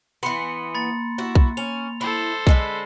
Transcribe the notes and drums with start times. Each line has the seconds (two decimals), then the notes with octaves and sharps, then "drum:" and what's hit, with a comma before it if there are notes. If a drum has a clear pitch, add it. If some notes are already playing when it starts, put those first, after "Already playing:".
0.23 E3 B3 C6 C#7
0.75 A#3 B5 A6
1.18 E4 F#4
1.35 drum: kick B1
1.57 C#4 F7
2.01 E4 A4 C5
2.47 D3 G#3 B4, drum: kick B1